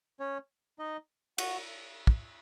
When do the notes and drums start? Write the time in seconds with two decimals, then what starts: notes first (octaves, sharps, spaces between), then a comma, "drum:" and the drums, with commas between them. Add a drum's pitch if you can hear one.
0.20 C#4 C#5
0.79 D#4 D#5
1.38 F#4 F#5, drum: cymbal
2.07 drum: kick